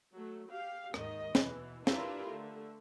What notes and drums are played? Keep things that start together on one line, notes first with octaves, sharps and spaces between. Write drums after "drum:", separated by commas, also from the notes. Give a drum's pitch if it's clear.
F#3 A3
G4 F5
D#2 G#2 D#3 D#5, drum: rim click
B2 E3, drum: snare
D4 E4 F4 G4 A#4 B4, drum: snare
D3 A3